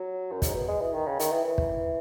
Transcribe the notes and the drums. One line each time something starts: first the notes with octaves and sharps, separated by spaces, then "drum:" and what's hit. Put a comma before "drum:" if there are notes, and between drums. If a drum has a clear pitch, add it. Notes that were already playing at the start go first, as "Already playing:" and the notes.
Already playing: F#3
F#2
G#2, drum: kick, hi-hat
B2
G#3
E3
D#3
C#3
D#3, drum: hi-hat
E3
E3
drum: kick